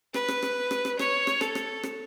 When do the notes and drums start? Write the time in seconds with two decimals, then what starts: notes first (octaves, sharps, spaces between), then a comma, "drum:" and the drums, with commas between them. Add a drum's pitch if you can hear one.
0.14 B4, drum: rim click
0.28 drum: rim click
0.43 drum: rim click
0.71 drum: rim click
0.85 drum: rim click
0.99 C#5, drum: rim click
1.27 drum: rim click
1.41 A4, drum: rim click
1.55 drum: rim click
1.83 drum: rim click